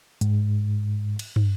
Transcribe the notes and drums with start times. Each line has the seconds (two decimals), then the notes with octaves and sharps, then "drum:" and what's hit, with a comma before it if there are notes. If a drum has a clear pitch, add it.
0.21 G#2, drum: hi-hat
1.19 drum: cymbal
1.36 drum: tom